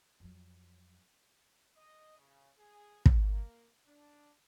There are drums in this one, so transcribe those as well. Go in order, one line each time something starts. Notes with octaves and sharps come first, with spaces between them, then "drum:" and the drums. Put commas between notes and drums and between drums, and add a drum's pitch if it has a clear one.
F2 F#3
D#5
C#3
G#4
A#3, drum: kick
D4